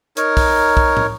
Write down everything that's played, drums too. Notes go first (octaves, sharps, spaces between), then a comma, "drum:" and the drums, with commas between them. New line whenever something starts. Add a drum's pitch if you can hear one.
D#4 A#4 C#5, drum: hi-hat
drum: kick, open hi-hat
drum: kick
drum: tom